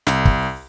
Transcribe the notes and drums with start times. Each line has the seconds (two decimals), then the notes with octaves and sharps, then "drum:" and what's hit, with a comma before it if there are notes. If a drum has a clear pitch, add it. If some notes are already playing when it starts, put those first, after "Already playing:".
0.07 C2, drum: snare
0.25 drum: kick